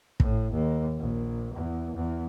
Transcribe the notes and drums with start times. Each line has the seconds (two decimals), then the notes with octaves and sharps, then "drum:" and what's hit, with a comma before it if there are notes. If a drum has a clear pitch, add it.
0.20 A2, drum: kick
0.52 D#2
0.99 A#1
1.55 E2
1.96 E2